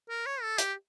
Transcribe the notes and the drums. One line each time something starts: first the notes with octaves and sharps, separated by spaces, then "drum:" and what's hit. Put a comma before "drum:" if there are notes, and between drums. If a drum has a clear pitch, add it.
A#4
C#5
A4
G4, drum: hi-hat